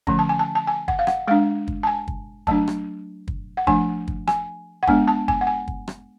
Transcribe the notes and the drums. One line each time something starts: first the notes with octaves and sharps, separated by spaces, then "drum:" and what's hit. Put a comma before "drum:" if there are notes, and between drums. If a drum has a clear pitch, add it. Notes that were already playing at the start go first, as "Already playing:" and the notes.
D3 F3 A3 C#4, drum: kick
A5
G#5
A5
A5
G#5
F#5, drum: kick
F5
F#5, drum: rim click
G#3 D4 F5
drum: kick
A5
G#5
drum: kick
F#3 A3 D4 A5, drum: kick
drum: rim click
drum: kick
F#5
F3 A3 D4 G#5, drum: kick
drum: kick
G#5, drum: rim click
F#5
G#3 B3 D4 G#5, drum: kick
A5
G#5, drum: kick
F#5
G#5
drum: kick
drum: rim click